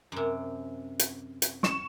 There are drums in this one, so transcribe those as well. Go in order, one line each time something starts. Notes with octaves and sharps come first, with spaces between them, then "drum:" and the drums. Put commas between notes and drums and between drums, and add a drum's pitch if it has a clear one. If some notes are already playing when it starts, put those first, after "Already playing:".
F#2 C3
drum: hi-hat
drum: hi-hat
C#6 E7, drum: snare